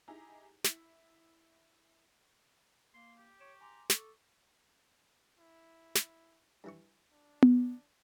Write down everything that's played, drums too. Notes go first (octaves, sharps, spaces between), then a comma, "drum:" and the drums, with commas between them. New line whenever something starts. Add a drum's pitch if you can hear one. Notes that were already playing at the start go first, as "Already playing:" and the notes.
D#4 E4 G4 G#4 A#5
E4, drum: snare
A#3 C6
G4
C#5 C#6 D7 E7
G#5 A#5 C6 D6
A4 C#6 D6, drum: snare
E4
drum: snare
G2 E3 C#6
D4
drum: tom B3